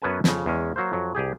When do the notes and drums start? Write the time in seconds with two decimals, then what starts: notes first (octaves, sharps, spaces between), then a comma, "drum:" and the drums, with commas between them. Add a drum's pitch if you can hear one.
0.02 F#2 B3 C#4 B4 G#5 A5
0.24 F2 C#3, drum: snare
0.46 E2 G#3 C#4
0.76 F#3 A#3 C5
0.92 F2 F#3
1.15 C2 G4 G#4